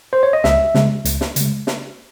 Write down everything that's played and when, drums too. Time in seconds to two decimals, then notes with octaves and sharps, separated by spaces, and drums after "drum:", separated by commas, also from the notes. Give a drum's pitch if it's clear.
0.13 C5
0.23 C#5
0.33 D#5
0.44 C#2 E5, drum: snare
0.75 C#3 G#3, drum: snare
1.05 C#2, drum: hi-hat
1.21 drum: snare
1.36 C#3 G#3, drum: hi-hat
1.67 drum: snare